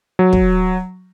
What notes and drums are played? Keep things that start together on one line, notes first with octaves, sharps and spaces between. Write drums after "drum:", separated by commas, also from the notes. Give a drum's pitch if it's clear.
F#3
drum: kick